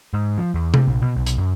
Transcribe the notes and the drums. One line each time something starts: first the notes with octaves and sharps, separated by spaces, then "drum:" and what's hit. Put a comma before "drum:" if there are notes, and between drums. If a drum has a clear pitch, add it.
G#2
F3
E2
C3, drum: tom C3
A#1
B2
B1
drum: hi-hat
F#2